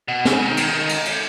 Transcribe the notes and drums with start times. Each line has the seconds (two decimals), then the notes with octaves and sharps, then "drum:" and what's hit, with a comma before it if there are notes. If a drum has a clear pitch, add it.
0.08 B2
0.25 C#3, drum: snare
0.46 D#3
0.57 drum: cymbal
0.68 D#3
0.89 drum: cymbal
1.05 drum: cymbal